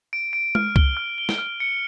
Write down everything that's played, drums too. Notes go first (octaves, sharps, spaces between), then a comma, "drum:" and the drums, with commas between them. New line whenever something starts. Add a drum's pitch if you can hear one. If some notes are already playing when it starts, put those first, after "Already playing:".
D7
D7
F6, drum: tom G#3
G7, drum: kick C2
F6
G7
drum: snare
F6
C#7